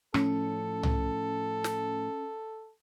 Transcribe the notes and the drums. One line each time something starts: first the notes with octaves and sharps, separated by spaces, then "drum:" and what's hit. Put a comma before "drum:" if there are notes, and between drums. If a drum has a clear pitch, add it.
A2 F3 A3 C#4 A4, drum: rim click
drum: tom C2
drum: snare